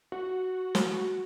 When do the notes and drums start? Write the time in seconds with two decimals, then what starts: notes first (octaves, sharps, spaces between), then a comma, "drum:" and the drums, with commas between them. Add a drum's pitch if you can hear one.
0.12 F#4
0.75 drum: snare